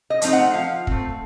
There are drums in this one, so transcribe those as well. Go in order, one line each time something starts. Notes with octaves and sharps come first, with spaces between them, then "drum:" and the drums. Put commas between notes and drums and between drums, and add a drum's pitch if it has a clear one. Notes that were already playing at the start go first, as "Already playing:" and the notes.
D#5
F3 A3 C4 D#4, drum: hi-hat
F#5
F3 F5
A3 C4, drum: kick